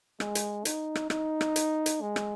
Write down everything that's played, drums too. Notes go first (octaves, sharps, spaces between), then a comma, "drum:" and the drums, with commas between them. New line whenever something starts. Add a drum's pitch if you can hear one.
G#3, drum: rim click
drum: hi-hat
D#4, drum: hi-hat
drum: rim click
D#4, drum: rim click
drum: rim click
drum: hi-hat
drum: hi-hat
G#3
drum: rim click